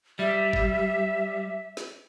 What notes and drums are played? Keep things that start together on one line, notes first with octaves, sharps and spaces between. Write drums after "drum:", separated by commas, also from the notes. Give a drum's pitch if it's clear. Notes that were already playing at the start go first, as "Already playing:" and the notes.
G3 E5
drum: kick G#1
drum: snare